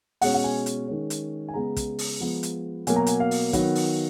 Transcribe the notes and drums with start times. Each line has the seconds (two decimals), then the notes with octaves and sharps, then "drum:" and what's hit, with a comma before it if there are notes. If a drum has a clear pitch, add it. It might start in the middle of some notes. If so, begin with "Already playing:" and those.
0.21 B2 G#3 C#4 F#5, drum: open hi-hat
0.34 F#5
0.44 G#5
0.66 drum: hi-hat
0.87 D#3 G#3 C#4
1.10 drum: hi-hat
1.48 G#5
1.54 C#3 G#3 B3 A#5
1.76 drum: kick, hi-hat
1.99 drum: open hi-hat
2.20 F3 G#3 B3
2.43 drum: hi-hat
2.87 B2 F#3 A#3 G#5, drum: hi-hat
2.96 A#5
3.06 G#5, drum: hi-hat
3.20 F5
3.31 drum: open hi-hat
3.53 D#3 F#3 B3, drum: kick, hi-hat
3.75 drum: open hi-hat